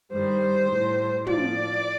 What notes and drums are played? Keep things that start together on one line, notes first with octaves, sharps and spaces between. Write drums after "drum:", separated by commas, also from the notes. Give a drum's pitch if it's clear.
G2 D#3 G3 C5
A2 G3
A2 F3 D5, drum: tom